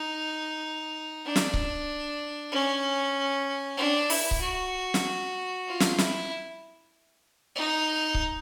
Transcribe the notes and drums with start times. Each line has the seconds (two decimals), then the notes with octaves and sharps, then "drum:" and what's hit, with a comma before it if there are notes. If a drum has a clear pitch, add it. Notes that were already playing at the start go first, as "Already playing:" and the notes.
Already playing: D#4
1.26 D4
1.36 drum: snare
1.54 drum: kick C#1
2.52 C#4
3.78 D4
4.10 E4, drum: open hi-hat
4.31 drum: kick C#1
4.40 F#4
4.94 drum: snare
5.67 F4
5.80 drum: snare
5.98 E4, drum: snare
7.56 D#4
8.14 drum: kick C#1